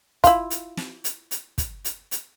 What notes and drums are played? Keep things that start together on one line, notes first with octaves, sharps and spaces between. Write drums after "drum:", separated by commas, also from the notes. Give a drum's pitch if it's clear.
E4 F4, drum: kick, hi-hat
drum: hi-hat
drum: snare
drum: hi-hat
drum: hi-hat
drum: kick, hi-hat
drum: hi-hat
drum: hi-hat